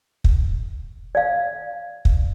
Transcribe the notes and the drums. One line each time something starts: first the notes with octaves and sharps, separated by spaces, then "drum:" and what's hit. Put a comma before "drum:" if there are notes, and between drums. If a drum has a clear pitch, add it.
drum: kick
D5 F5
drum: kick